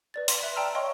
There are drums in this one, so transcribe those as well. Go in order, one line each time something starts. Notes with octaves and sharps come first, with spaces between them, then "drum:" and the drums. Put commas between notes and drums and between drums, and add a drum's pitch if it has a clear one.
B4 D5 A6
C6 A#6 B6, drum: open hi-hat
E5 F#6
D5 G5 A5 A#5 E6 F6
C#5 D#5 F5 G5 C6 C#6